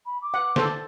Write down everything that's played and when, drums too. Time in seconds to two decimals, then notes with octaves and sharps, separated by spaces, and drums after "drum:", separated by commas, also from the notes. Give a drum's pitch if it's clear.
0.06 B5
0.21 D6
0.34 F#5
0.56 A4 C5, drum: snare